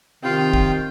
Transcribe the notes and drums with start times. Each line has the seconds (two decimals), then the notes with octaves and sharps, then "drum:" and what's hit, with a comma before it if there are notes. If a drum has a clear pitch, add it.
0.23 C3 D#3 F4 G5
0.54 drum: kick